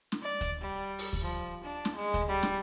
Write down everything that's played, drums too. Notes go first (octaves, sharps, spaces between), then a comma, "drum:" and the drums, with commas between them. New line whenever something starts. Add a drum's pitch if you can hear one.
drum: snare
D5
drum: kick D2, hi-hat
G3
drum: open hi-hat
drum: kick D2
F3
D4
drum: snare
G#3
drum: kick D2, hi-hat
G3
drum: snare